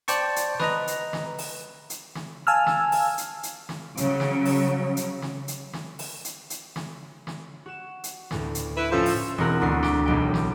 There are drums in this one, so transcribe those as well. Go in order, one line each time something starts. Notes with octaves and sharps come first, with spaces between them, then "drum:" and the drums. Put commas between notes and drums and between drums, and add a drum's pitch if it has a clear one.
C5 D5 G5 A5 C#6, drum: hi-hat
drum: hi-hat
B4 D#5 A#5, drum: snare
drum: hi-hat
drum: snare
drum: open hi-hat
drum: hi-hat
drum: snare
F5 G#5 A5 E6 F6
drum: snare
drum: open hi-hat
drum: hi-hat
drum: hi-hat
drum: snare
C#3 F#3, drum: hi-hat
drum: snare
drum: open hi-hat
drum: hi-hat
drum: snare
drum: hi-hat
drum: snare
drum: open hi-hat
drum: hi-hat
drum: hi-hat
drum: snare
drum: snare
F#4 E7
drum: hi-hat
D2 A2 B3, drum: snare
drum: hi-hat
E4 B4
A2 F3 C#4 A4 C6
drum: open hi-hat
E1 C4 F#4 A#4
D2 C7
G4, drum: snare
E1 B1 G5
drum: snare